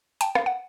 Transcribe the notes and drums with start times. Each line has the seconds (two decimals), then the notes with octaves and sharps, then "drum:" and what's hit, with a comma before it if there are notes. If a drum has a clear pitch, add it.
0.21 G5 A5, drum: hi-hat
0.35 F5, drum: rim click
0.46 F#5